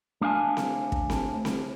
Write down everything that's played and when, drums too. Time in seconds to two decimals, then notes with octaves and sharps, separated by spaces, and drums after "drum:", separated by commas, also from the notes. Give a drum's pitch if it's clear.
0.21 A3 D4 F5 G#5 A5
0.57 drum: snare C4
0.92 drum: kick
1.10 drum: snare C4
1.45 drum: snare C4